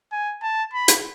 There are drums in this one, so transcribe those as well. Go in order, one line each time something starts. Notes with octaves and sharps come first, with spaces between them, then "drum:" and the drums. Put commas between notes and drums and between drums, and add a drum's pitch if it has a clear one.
G#5
A5
B5
drum: hi-hat